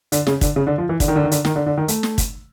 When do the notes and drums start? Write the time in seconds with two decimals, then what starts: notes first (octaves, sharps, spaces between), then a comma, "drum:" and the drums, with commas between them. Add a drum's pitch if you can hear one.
0.12 D3, drum: hi-hat
0.27 C#3, drum: snare
0.41 D3, drum: kick, hi-hat
0.56 C#3
0.67 D3
0.78 F3
0.89 E3
1.00 D3, drum: kick, hi-hat
1.08 D#3
1.16 D3
1.24 D#3
1.31 D3, drum: hi-hat
1.45 D#3, drum: snare
1.56 D3
1.66 D3
1.77 D#3
1.88 A3, drum: hi-hat
2.03 drum: snare
2.18 drum: kick, hi-hat